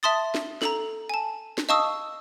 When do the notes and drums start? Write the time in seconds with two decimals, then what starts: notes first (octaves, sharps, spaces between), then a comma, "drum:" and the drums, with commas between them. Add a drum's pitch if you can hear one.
0.03 E5 A5 C6 D#6 A6
0.35 drum: snare
0.62 A4 A#5, drum: snare
1.09 G#5 A5
1.58 drum: snare
1.69 D#5 F5 A5 C#6 D#6 E6